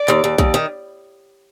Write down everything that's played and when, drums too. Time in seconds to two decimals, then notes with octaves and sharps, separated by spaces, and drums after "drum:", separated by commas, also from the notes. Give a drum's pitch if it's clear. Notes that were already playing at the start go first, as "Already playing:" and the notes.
Already playing: D5
0.08 D#2, drum: clap
0.24 D#2
0.38 D#2, drum: kick A#1
0.54 D#3